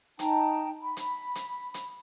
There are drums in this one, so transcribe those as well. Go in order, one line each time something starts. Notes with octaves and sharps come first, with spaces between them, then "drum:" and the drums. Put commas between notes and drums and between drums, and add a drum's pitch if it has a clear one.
D#4 G5 A5 A#5, drum: hi-hat
B5
drum: hi-hat
drum: hi-hat
drum: hi-hat